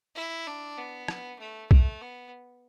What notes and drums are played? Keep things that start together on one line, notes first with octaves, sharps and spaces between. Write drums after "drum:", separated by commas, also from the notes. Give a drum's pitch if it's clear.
E4
D4
B3
drum: rim click
A3
A3, drum: kick B1
B3